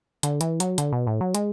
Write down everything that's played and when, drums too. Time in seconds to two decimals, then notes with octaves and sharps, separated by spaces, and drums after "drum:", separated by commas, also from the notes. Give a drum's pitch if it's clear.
0.23 D3, drum: hi-hat
0.41 E3, drum: hi-hat
0.60 F#3, drum: hi-hat
0.78 D3, drum: hi-hat
0.92 B2
1.07 A2
1.21 F#3
1.35 G#3, drum: hi-hat